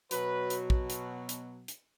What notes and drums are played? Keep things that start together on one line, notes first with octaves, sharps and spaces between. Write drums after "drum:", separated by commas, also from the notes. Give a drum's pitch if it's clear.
B2 F#3 B4, drum: hi-hat
drum: hi-hat
drum: kick
drum: hi-hat
drum: hi-hat
drum: hi-hat